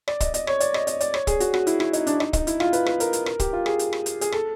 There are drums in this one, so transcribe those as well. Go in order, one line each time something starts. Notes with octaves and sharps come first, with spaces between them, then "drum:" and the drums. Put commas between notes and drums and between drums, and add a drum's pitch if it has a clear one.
D5, drum: rim click
D#5, drum: kick, hi-hat
D#5, drum: hi-hat
C#5, drum: rim click
D5, drum: hi-hat
D#5, drum: rim click
D#5, drum: hi-hat
D5, drum: hi-hat
C#5, drum: rim click
G#4, drum: kick, hi-hat
F#4, drum: hi-hat
F#4, drum: rim click
E4, drum: hi-hat
E4, drum: rim click
D#4, drum: hi-hat
D4, drum: hi-hat
D#4, drum: rim click
D#4, drum: kick, hi-hat
E4, drum: hi-hat
F4, drum: rim click
B4, drum: hi-hat
B4, drum: rim click
A#4, drum: hi-hat
drum: hi-hat
A#4, drum: rim click
G4, drum: kick, hi-hat
F4
G#4, drum: rim click
drum: hi-hat
drum: rim click
drum: hi-hat
G#4, drum: hi-hat
A4, drum: rim click